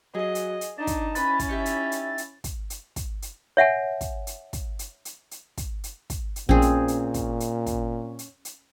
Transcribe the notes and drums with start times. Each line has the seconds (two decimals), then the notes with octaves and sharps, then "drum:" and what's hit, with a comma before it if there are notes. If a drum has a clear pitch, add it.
0.15 F#3 G#4 D#5 F5
0.35 drum: hi-hat
0.61 drum: hi-hat
0.78 D4 D#4 A5
0.87 drum: kick, hi-hat
1.15 C#4 E4 B4 D#5 B5 A6, drum: hi-hat
1.39 drum: kick, hi-hat
1.48 D#4 G4 E5
1.66 drum: hi-hat
1.92 drum: hi-hat
2.18 drum: hi-hat
2.44 drum: kick, hi-hat
2.70 drum: hi-hat
2.96 drum: kick, hi-hat
3.22 drum: hi-hat
3.57 C#5 E5 F#5 G#5
4.01 drum: kick, hi-hat
4.27 drum: hi-hat
4.53 drum: kick, hi-hat
4.79 drum: hi-hat
5.05 drum: hi-hat
5.31 drum: hi-hat
5.57 drum: kick, hi-hat
5.84 drum: hi-hat
6.10 drum: kick, hi-hat
6.36 drum: hi-hat
6.49 A#1 A#2 C4 C#4 G#4
6.62 drum: hi-hat
6.88 drum: hi-hat
7.14 drum: kick, hi-hat
7.40 drum: hi-hat
7.66 drum: kick, hi-hat
8.19 drum: hi-hat
8.45 drum: hi-hat